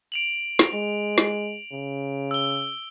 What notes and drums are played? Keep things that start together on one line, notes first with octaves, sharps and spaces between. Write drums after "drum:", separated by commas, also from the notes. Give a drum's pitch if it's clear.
D7 F7 F#7
drum: snare
G#3
drum: snare
C#3
E6 G7